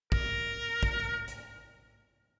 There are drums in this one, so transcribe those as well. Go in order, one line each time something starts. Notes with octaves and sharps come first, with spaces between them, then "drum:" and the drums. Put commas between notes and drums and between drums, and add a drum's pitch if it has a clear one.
A#4, drum: kick
drum: kick
drum: hi-hat